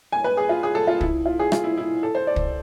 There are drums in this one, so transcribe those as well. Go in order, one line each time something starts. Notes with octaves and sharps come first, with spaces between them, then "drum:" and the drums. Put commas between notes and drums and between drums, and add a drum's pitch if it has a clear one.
G#5
B4
G#4
F4
G#4
A4
F4
E4, drum: kick
F4
G#4
F4, drum: rim click
E4
E4
A4
C5
D5
drum: kick